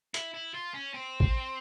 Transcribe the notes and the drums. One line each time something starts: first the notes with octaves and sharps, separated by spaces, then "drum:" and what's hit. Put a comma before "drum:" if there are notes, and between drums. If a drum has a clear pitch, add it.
E4, drum: hi-hat
E4
F4
C#4
C4
drum: kick A1